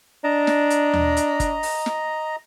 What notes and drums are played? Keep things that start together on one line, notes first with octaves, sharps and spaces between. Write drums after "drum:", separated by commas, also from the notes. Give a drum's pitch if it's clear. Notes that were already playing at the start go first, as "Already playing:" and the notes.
D4 D#5 A#5
drum: snare
drum: hi-hat
drum: tom D#2
drum: hi-hat
drum: kick G1, hi-hat
drum: open hi-hat
drum: snare